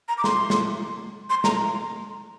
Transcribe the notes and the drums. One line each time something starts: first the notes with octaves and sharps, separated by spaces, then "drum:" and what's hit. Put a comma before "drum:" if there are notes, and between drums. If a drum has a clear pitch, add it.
A#5
D6
C6, drum: snare
drum: snare
C6
A#5, drum: snare